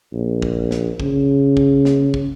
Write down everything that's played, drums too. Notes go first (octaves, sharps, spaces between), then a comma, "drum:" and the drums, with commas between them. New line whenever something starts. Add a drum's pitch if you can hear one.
A#1
drum: kick
drum: snare
C#3, drum: kick
drum: kick
drum: snare
drum: kick